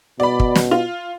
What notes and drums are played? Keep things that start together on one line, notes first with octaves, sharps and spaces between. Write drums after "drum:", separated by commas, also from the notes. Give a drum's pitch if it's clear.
B2 D5 B5
drum: kick
drum: snare
F4